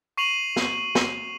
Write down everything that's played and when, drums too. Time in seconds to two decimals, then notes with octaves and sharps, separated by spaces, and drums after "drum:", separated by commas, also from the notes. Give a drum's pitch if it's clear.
0.17 C#6 C7 D#7 F7 F#7
0.56 drum: snare
0.95 drum: snare